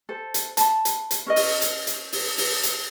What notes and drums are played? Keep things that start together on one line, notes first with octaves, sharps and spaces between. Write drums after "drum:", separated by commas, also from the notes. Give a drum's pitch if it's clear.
A4 C5
drum: hi-hat
A5 B5, drum: hi-hat
drum: hi-hat
drum: hi-hat
C#4 A#4 D#5
drum: open hi-hat
drum: hi-hat
drum: hi-hat
drum: open hi-hat
drum: open hi-hat
drum: hi-hat